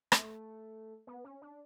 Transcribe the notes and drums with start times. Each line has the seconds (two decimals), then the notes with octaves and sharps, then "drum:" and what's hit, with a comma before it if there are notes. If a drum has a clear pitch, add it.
0.12 A3, drum: rim click
1.07 B3
1.24 C#4
1.42 D4